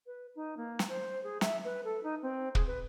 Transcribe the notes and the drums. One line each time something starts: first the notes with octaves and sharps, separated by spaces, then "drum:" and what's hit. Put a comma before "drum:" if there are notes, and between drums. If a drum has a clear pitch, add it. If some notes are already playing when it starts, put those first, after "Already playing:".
B4
D#4
A#3
drum: snare
C5
G#4
E5, drum: snare
B4
A4
D#4
C4
G#4, drum: kick
B4